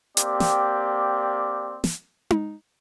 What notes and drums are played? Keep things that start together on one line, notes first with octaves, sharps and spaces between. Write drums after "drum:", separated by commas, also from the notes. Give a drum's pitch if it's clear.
A#3 C4 G4 D5, drum: hi-hat
drum: snare
drum: snare
drum: tom D#4